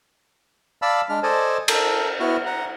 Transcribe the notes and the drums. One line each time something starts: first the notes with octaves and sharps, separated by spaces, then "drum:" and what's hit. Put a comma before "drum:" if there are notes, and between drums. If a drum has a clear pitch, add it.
D5 F5 A5 B5 E6
G#3 D4 F6
A4 C5 D5 D#5 G#5 A5
A4 A#4, drum: cymbal
B3 E4 F#4 F6
F#5 A#5